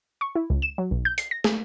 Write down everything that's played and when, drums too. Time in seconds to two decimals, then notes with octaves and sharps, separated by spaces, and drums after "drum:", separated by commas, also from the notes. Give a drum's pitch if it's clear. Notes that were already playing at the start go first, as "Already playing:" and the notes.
0.21 C#6
0.35 E4
0.50 C#2
0.62 E7
0.78 F#3
0.91 B1
1.05 G6
1.18 C7, drum: hi-hat
1.31 A#6
1.44 G#4, drum: snare